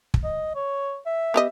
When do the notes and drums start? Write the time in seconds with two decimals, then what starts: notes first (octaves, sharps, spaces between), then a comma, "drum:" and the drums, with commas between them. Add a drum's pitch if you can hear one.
0.14 drum: kick
0.24 D#5
0.55 C#5
1.06 E5
1.34 B3 G4 D#5